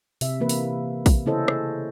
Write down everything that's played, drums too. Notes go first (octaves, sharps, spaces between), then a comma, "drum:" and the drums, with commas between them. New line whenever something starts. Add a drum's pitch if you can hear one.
C3 E5, drum: open hi-hat
E3 A#3 B4
drum: open hi-hat
drum: kick A#1, open hi-hat
C#3 C#4 E4 A4 C5 D#5
drum: rim click